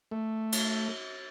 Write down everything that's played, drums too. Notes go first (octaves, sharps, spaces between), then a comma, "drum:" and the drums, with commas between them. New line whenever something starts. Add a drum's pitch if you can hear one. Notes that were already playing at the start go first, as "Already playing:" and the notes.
A3
drum: cymbal